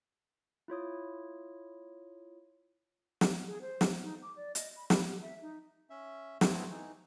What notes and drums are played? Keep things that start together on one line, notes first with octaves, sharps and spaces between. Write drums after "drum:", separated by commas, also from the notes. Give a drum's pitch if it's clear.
E4 F4 C#5 D#6
drum: snare
G#4
C5
drum: snare
D#4
D6
D5
D#5, drum: hi-hat
B5
B5, drum: snare
G4
E5
D#4
C#4 E5
G2 A3 B3 C4 E4, drum: snare
E3 D#4